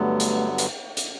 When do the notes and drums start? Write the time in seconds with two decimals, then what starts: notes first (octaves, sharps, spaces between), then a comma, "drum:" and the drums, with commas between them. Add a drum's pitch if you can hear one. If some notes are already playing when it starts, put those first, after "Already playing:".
Already playing: G2 D3 F#3 A3 B3
0.20 drum: hi-hat
0.58 drum: hi-hat
0.97 drum: hi-hat